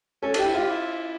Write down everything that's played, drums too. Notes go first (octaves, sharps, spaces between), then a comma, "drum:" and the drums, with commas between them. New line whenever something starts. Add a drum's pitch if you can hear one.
C#4 A4
D4 G4, drum: cymbal
E4
F4 G4
E4